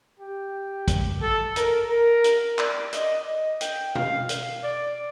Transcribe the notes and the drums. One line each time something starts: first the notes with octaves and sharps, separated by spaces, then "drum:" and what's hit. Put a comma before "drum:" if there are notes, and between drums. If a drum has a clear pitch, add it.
G4
drum: kick, hi-hat
A4
A#4, drum: hi-hat
A#4
drum: hi-hat
D5, drum: clap
D#5, drum: hi-hat
D#5
G5, drum: hi-hat
F5, drum: tom
drum: hi-hat
D5